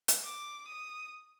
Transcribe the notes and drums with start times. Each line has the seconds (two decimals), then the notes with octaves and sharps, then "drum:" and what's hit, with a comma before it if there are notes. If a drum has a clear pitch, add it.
0.08 drum: hi-hat
0.24 D6
0.68 D#6